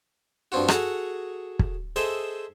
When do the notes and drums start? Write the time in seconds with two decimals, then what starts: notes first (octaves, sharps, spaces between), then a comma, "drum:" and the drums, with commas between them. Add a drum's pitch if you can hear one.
0.52 G2 F3 C4 F4 F#4
0.68 F#4 G#4 A4 F#5 A#5, drum: rim click
1.59 drum: kick
1.96 G#4 A4 C5 D#5 E5